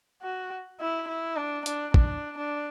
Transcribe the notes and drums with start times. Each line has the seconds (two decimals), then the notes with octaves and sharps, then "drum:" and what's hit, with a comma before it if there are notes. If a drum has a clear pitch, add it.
0.22 F#4
0.80 E4
1.08 E4
1.37 D4
1.66 D4, drum: hi-hat
1.94 D4, drum: kick
2.38 D4